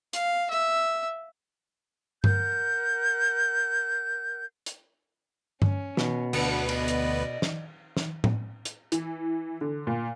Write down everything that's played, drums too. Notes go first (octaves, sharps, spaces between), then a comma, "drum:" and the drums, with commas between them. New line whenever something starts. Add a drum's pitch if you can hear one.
F5, drum: hi-hat
E5
A#4 F#5 G6, drum: tom G2
drum: hi-hat
C#4, drum: tom G2
B2, drum: snare
D2 B3 D4 F#4 B4, drum: cymbal
D5 D#5, drum: cymbal
drum: hi-hat
drum: snare
drum: snare
drum: tom A2
drum: hi-hat
E3, drum: hi-hat
D3
A#2